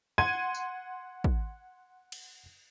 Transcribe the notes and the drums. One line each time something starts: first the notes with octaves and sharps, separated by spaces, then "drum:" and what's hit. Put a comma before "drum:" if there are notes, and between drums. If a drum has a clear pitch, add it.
F#5 C6 G#6 D#7
drum: tambourine
drum: kick
drum: cymbal